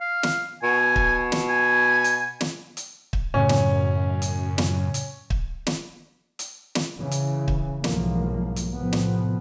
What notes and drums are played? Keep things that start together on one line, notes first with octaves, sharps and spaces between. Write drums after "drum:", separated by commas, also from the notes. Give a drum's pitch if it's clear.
F5
drum: snare
B2 G#5
drum: kick
drum: snare
G#5
drum: hi-hat
drum: snare
drum: hi-hat
drum: kick
F#2 A2 C#3 C#4
drum: snare
drum: hi-hat
drum: snare
drum: hi-hat
drum: kick
drum: snare
drum: hi-hat
drum: snare
C#3 E3
drum: hi-hat
drum: kick
B1 G#2 E3 F3 A#3, drum: snare
drum: hi-hat
A2 C3 F3 B3
drum: snare